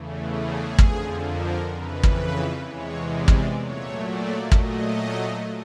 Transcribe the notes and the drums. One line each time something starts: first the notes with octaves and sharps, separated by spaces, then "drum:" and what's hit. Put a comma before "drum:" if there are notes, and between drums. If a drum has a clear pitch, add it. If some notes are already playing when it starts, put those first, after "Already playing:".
Already playing: E2 C#3 E3 A3
G#4
F2 D3 F3, drum: kick
A#4
F2 C#3 E3 B4
drum: kick
E2 C3 E3 G#3 C#5
D5
drum: kick
A#2 F#3 A3 C#5
D5
A#2 F#3 A3 D#5, drum: kick